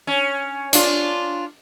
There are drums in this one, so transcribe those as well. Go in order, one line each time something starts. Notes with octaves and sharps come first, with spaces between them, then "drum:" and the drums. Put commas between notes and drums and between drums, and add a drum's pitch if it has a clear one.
C#4
D4 F4, drum: hi-hat